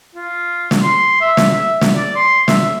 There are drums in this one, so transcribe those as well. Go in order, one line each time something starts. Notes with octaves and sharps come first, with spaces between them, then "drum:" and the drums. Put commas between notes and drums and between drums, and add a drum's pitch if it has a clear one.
F4
drum: snare
C6
E5
drum: snare
E5
drum: snare
D5
C6
E5, drum: snare